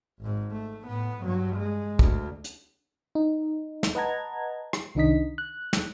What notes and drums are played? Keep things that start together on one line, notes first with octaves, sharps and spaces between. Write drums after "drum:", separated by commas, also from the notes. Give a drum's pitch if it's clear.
G#1 G#2
A3
A2 B3
G2 F#3
G#3
D2, drum: kick
drum: hi-hat
D#4
drum: snare
B4 D#5 F#5 A5 A#5 G#6
drum: rim click
C2 D#3 D4 D#4 D#5 B6
F#6
drum: snare